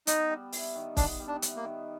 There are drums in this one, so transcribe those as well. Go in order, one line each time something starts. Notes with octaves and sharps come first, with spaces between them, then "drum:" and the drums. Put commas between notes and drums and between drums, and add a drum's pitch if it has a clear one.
B3 D#4, drum: hi-hat
G3
E4, drum: open hi-hat
D#3
B3 D4, drum: kick, open hi-hat
G3
D4
E4, drum: hi-hat
A#3
D#3